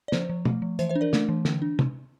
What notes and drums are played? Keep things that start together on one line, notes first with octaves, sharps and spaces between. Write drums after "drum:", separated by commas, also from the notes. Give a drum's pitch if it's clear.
D5
F3 C5, drum: snare
F3
A3, drum: tom
F3
E3 C5 E5, drum: hi-hat
C5 E5
D4
A#4 D5
A3, drum: snare
E3
D3, drum: snare
D4
drum: tom